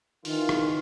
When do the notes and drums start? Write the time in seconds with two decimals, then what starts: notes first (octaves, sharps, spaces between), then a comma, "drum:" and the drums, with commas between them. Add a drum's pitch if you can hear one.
0.25 D#3 E3 F4, drum: open hi-hat
0.49 drum: rim click